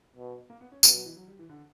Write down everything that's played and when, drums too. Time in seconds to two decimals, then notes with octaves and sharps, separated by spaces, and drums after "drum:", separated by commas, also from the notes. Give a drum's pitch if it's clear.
0.16 B2
0.50 A#3
0.61 B3
0.72 C#4
0.83 B2 B3, drum: tambourine
0.94 F#3
1.05 E3
1.16 F#3
1.28 G3
1.39 E3
1.49 D3